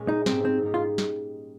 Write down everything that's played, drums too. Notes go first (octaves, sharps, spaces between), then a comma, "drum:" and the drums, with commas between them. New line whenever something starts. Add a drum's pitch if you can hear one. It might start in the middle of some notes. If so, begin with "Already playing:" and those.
Already playing: A#2 G#3 C#4
D#4
G#2 G3 A#3 C4 D#4 G4, drum: snare
C4
G#2 G3 A#3 D#4 G4
F4
drum: snare